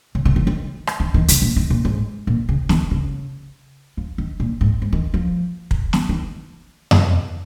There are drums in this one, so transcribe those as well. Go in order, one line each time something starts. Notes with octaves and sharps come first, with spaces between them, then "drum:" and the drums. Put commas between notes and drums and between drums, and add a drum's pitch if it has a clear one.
C#3
C#3
D#3
D#3
drum: rim click
D#3
D#3
C#3, drum: hi-hat
A#2
D#3
A#2
G#2
A#2
C#3
D#3, drum: snare
C#3
F3
D#3
A#2
G#2
G#2
D#3
F3
drum: kick
drum: snare
D#3
drum: tom F2